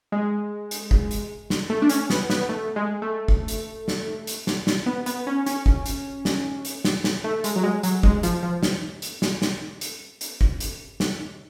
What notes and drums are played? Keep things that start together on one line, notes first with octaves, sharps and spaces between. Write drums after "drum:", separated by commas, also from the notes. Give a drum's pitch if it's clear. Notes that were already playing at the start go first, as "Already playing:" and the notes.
G#3
drum: hi-hat
drum: kick
drum: hi-hat
drum: snare
A3
D4
C#4, drum: hi-hat
B3, drum: snare
B3, drum: snare
A3
G#3
A3
drum: kick
drum: hi-hat
drum: snare
drum: hi-hat
drum: snare
drum: snare
B3
B3, drum: hi-hat
C#4
C#4, drum: hi-hat
drum: kick
drum: hi-hat
drum: snare
drum: hi-hat
drum: snare
drum: snare
A3
G#3, drum: hi-hat
F#3
G#3
F#3, drum: hi-hat
G#3, drum: kick
F3, drum: hi-hat
F3
drum: snare
drum: hi-hat
drum: snare
drum: snare
drum: hi-hat
drum: hi-hat
drum: kick
drum: hi-hat
drum: snare